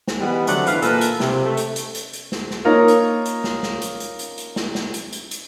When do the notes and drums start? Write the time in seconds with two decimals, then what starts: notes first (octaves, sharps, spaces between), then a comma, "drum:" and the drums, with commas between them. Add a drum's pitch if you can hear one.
0.08 drum: snare
0.20 E3 G3 G#3 B3
0.47 D3 F#3 A3 C4 D5 F#5, drum: hi-hat
0.66 G#2 E3 B4 F5, drum: hi-hat
0.82 A#2 A4 B4, drum: hi-hat
1.01 drum: hi-hat
1.20 C3, drum: snare
1.45 A3
1.57 drum: hi-hat
1.76 drum: hi-hat
1.94 drum: hi-hat
2.13 drum: hi-hat
2.32 drum: snare
2.51 drum: snare
2.64 A#3 D#4 F4 A#4 C#5
2.88 drum: hi-hat
3.25 drum: hi-hat
3.44 drum: snare
3.63 drum: snare
3.81 drum: hi-hat
4.00 drum: hi-hat
4.19 drum: hi-hat
4.38 drum: hi-hat
4.56 drum: snare
4.75 drum: snare
4.94 drum: hi-hat
5.12 drum: hi-hat
5.31 drum: hi-hat